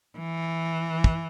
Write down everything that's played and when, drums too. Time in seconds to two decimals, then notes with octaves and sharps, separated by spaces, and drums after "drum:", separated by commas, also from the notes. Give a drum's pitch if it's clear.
0.18 E3
1.04 drum: kick